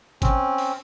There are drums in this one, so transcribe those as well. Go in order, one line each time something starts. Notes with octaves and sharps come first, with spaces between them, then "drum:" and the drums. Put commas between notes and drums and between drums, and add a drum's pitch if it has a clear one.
C4 C#4, drum: kick, hi-hat
drum: open hi-hat